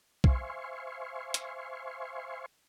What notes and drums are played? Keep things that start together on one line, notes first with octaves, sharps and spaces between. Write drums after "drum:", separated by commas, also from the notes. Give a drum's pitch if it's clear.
C5 E5 F5 G#5 C6 C#6, drum: kick B1
drum: hi-hat